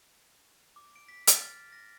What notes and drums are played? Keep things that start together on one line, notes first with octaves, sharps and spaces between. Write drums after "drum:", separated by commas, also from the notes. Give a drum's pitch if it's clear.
D6
D7
B6
A6, drum: hi-hat
F6
A#6